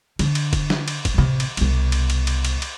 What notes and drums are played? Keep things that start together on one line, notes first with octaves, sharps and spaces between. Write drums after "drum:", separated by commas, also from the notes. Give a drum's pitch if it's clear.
D3, drum: cymbal
drum: cymbal
drum: kick F1, cymbal
drum: snare
drum: cymbal
drum: kick F1, cymbal
A1 C3
drum: cymbal
C2 B2, drum: cymbal
drum: cymbal
drum: cymbal
drum: cymbal
drum: cymbal
drum: cymbal